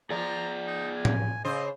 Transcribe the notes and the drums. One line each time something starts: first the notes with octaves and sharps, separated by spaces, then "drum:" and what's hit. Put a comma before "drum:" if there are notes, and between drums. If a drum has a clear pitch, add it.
F3 G#4 D5 A#5
D#4
G#5
drum: tom
C#3 C5 D#5